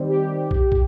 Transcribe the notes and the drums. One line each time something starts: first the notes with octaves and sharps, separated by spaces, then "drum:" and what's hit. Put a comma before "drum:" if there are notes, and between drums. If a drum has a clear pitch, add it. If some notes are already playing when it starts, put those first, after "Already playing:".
Already playing: D#3 G3 C4
G4
drum: kick
drum: kick